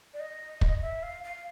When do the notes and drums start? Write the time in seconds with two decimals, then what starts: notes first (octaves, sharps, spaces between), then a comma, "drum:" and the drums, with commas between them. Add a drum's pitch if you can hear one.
0.14 D5
0.20 D#5
0.61 drum: kick
0.82 E5
1.03 F5
1.24 F5